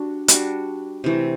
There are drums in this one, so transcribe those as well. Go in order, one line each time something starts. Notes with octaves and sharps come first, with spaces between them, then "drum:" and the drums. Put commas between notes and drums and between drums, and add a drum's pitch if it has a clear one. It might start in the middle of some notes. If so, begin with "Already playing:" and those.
Already playing: G3 D4 F#4
G3 D4 F#4, drum: hi-hat
C3 E3 A3